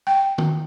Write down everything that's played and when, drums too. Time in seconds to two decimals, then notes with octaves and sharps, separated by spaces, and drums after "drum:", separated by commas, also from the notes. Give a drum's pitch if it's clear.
0.07 G5
0.38 drum: tom